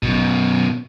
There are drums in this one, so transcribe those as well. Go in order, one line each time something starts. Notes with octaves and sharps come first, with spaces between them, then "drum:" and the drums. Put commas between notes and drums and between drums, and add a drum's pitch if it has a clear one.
F#2 B2, drum: kick G#1